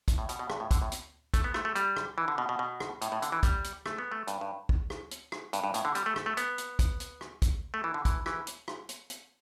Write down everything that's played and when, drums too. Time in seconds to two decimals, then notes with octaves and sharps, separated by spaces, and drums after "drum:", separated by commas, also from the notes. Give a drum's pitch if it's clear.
0.08 drum: kick, hi-hat
0.18 A2
0.29 B2, drum: hi-hat
0.39 B2
0.50 G2, drum: rim click
0.60 A2
0.71 D3, drum: kick, hi-hat
0.82 A2
0.92 drum: hi-hat
1.34 A3, drum: kick, hi-hat
1.44 B3
1.54 A3, drum: rim click
1.65 A3
1.76 G3, drum: hi-hat
1.97 drum: rim click
2.18 E3
2.28 D3
2.38 B2
2.49 B2
2.59 B2
2.80 drum: rim click
3.02 A2, drum: hi-hat
3.12 A2
3.22 D3, drum: hi-hat
3.32 E3
3.43 G3, drum: kick, hi-hat
3.64 drum: hi-hat
3.86 A3, drum: rim click
3.98 B3
4.12 A3
4.27 G2, drum: hi-hat
4.41 G2
4.69 drum: kick
4.90 drum: rim click
5.11 drum: hi-hat
5.32 drum: rim click
5.53 G2, drum: hi-hat
5.64 G2
5.74 A2, drum: hi-hat
5.85 D3
5.95 G3, drum: hi-hat
6.06 A3
6.16 drum: rim click
6.26 A3
6.37 B3, drum: hi-hat
6.58 drum: hi-hat
6.79 drum: kick, hi-hat
7.00 drum: hi-hat
7.21 drum: rim click
7.42 drum: kick, hi-hat
7.74 A3
7.84 E3
7.94 D3
8.05 E3, drum: kick, hi-hat
8.26 E3, drum: rim click
8.47 drum: hi-hat
8.68 drum: rim click
8.89 drum: hi-hat
9.10 drum: hi-hat